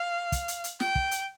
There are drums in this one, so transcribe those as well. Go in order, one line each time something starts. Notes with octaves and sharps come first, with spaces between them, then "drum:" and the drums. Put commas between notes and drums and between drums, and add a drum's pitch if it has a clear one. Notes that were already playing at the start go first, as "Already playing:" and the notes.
Already playing: F5
drum: kick, hi-hat
drum: hi-hat
drum: hi-hat
G5, drum: snare
drum: kick
drum: hi-hat